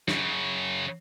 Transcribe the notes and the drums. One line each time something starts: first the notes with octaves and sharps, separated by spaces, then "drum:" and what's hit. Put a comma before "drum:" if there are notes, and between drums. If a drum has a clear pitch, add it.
F#2 C#3, drum: snare